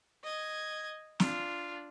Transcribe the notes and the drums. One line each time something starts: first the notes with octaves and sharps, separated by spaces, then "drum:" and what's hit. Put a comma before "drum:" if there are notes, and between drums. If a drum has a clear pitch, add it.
D#5 G#6
D4 F4, drum: snare